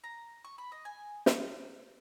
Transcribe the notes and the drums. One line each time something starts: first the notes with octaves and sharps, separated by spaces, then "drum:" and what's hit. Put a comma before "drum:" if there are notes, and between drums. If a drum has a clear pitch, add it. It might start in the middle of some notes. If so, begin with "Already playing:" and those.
A#5
C#6
B5
D#5
G#5
drum: snare